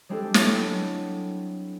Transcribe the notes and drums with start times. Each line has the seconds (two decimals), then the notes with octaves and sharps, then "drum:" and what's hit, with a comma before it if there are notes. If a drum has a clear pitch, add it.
0.09 G3 G#3 C4 D4 G4 A4
0.34 F#3 G#3 E4, drum: snare